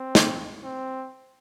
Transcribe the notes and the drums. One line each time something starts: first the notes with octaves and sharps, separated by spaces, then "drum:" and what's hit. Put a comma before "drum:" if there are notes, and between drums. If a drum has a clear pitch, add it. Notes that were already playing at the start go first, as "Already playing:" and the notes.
Already playing: C4
drum: snare
C4